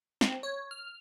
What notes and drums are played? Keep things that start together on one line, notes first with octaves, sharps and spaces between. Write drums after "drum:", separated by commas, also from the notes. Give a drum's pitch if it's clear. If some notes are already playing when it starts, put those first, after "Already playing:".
C4, drum: snare
C#5
F6